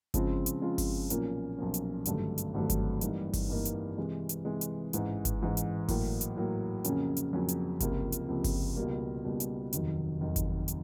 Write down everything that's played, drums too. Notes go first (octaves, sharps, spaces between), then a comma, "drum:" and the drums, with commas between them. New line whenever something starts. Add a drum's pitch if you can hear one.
C#3 F3 G#3 C4 F4, drum: kick G1, hi-hat
drum: hi-hat
C#3 F3 G#3 C4 F4
drum: kick G1, open hi-hat
B1 A#2 F3 A#3 C#4, drum: hi-hat
B1 A#2 F3 A#3 C#4
drum: hi-hat
G#1 G2 D3 F#3 A3, drum: hi-hat
drum: hi-hat
G#1 G2 D3 F#3 A3
drum: kick G1, hi-hat
G2 E3 G3 A#3 D#4, drum: hi-hat
drum: kick G1, open hi-hat
G2 E3 G3 A#3 D#4
drum: hi-hat
C3 E3 G#3
drum: hi-hat
C3 E3 G#3
drum: hi-hat
A1 G#2 E3, drum: hi-hat
drum: kick G1, hi-hat
A1 G#2 E3
drum: hi-hat
A2 F#3 A#3, drum: kick G1, open hi-hat
drum: hi-hat
A2 F#3 A#3
F2 C#3 F#3 A#3 C#4, drum: hi-hat
drum: hi-hat
F2 C#3 F#3 A#3 C#4
drum: hi-hat
C#2 C3 F3 A#3, drum: kick G1, hi-hat
drum: hi-hat
C#2 C3 F3 A#3
drum: kick G1, open hi-hat
C#2 B2 G3 A#3
C#2 B2 G3 A#3
drum: hi-hat
F1 D#2 D#3 F#3, drum: hi-hat
F1 D#2 D#3 F#3
drum: kick G1, hi-hat
drum: hi-hat